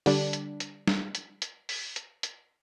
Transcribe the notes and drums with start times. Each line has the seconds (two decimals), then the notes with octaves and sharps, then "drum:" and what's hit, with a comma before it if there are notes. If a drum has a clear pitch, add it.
0.06 D3 G3 D4, drum: open hi-hat
0.33 drum: hi-hat
0.60 drum: hi-hat
0.88 drum: snare
1.15 drum: hi-hat
1.42 drum: hi-hat
1.69 drum: open hi-hat
1.96 drum: hi-hat
2.23 drum: hi-hat